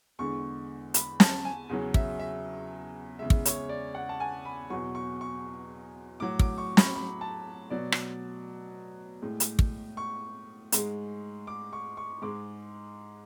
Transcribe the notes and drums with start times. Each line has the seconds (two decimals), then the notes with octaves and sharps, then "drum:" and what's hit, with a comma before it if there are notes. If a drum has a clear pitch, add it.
0.19 E2 D3 G#3 C#6
0.94 B5, drum: hi-hat
1.20 A5, drum: snare
1.45 G#5
1.69 E2 C#3 F#3
1.94 E5, drum: kick
2.20 E5
3.19 E2 C#3 G#3 E5
3.30 drum: kick
3.45 C#5, drum: hi-hat
3.69 D5
3.95 F#5
4.09 A5
4.20 G#5
4.45 B5
4.70 E2 B2 F#3 C#6
4.95 C#6
5.21 C#6
6.20 A2 F#3 D6
6.39 D6, drum: kick
6.58 C#6
6.77 B5, drum: snare
6.95 B5
7.21 A5
7.70 B2 F#3 D5
7.92 drum: rim click
9.22 A2 G#3
9.40 drum: hi-hat
9.59 drum: kick
9.97 C#6
10.72 G#2 G#3, drum: hi-hat
11.47 D6
11.73 C#6
11.97 C#6
12.22 G#2 G#3 D6